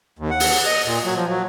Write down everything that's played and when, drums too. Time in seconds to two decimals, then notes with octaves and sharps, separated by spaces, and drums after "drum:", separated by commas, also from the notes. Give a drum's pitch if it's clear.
0.19 D#2
0.31 F#5
0.40 drum: open hi-hat
0.66 D#5
0.86 A#2
1.05 F#3
1.17 F3
1.30 F#3